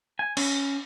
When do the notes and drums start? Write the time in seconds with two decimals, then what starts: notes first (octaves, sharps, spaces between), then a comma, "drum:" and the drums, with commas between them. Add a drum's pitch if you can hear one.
0.19 G#5
0.37 C#4, drum: cymbal